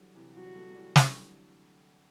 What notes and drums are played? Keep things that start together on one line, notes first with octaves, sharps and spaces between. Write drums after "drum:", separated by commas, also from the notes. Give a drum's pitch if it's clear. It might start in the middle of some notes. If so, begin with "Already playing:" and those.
Already playing: D3 E3 F#3 G3
C3 E3
F#3 F#4
G3
F#3 A3
F#3
E3 G3
D3 F#3, drum: snare